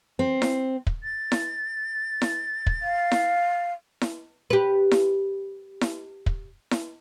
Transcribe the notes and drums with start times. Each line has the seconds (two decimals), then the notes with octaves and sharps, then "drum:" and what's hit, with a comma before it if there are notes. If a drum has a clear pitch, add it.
0.19 C4
0.42 drum: snare E4
0.87 drum: kick
1.03 A6
1.32 drum: snare E4
2.22 drum: snare E4
2.67 drum: kick
2.82 F5
3.12 drum: snare E4
4.01 drum: snare E4
4.50 G4 B4
4.91 drum: snare E4
5.81 drum: snare E4
6.26 drum: kick
6.71 drum: snare E4